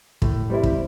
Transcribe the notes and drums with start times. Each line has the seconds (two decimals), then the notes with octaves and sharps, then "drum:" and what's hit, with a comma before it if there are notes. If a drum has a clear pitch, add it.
0.22 A2, drum: kick
0.50 G3 C4 E4
0.63 drum: kick